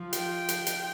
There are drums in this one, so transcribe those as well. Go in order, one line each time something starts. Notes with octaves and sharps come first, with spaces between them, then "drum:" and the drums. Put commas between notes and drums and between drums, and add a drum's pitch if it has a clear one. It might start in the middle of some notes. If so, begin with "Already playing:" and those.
Already playing: F3
G5, drum: hi-hat
drum: hi-hat
drum: hi-hat